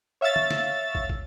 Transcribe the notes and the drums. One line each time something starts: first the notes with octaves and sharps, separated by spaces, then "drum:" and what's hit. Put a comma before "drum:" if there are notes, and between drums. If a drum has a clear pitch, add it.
C#5 E5 F5 E6 A6
drum: tom
drum: snare
drum: kick
drum: kick